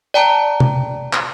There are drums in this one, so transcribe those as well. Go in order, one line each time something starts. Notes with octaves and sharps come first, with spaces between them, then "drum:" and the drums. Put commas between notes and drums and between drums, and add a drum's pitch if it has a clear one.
D5 G5 A5 A#5
drum: tom C3
drum: clap